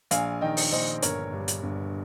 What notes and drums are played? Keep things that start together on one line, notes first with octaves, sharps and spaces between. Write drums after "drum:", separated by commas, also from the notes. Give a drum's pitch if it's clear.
A#1 F5 G#5, drum: hi-hat
D#3 D#5 G5
drum: open hi-hat
A#1 C5 D#5
G1 A#4 C#5, drum: hi-hat
G2
drum: hi-hat
G1